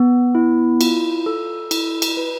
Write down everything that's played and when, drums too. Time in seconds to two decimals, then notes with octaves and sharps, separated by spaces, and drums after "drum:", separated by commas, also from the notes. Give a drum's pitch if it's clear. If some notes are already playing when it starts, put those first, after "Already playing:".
Already playing: B3
0.35 E4
0.81 F4, drum: cymbal
1.26 A4
1.71 E4, drum: cymbal
2.02 drum: cymbal
2.17 B4